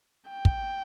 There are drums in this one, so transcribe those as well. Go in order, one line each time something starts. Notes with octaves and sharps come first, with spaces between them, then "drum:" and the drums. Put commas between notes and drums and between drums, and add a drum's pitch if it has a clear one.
G5
drum: kick